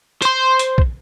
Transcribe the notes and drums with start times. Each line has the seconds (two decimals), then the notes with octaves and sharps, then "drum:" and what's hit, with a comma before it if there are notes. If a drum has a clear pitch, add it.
0.22 C5 C6, drum: hi-hat
0.59 drum: hi-hat
0.78 drum: kick A#1